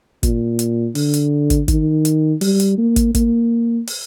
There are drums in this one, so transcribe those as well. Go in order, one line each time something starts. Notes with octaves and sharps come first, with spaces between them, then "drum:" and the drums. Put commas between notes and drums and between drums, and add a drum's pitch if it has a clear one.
A#2, drum: kick, hi-hat
drum: hi-hat
D3, drum: open hi-hat
drum: hi-hat
drum: kick, hi-hat
D#3, drum: kick, hi-hat
drum: hi-hat
G3, drum: open hi-hat
drum: hi-hat
A#3
drum: kick, hi-hat
A#3, drum: kick, hi-hat
drum: open hi-hat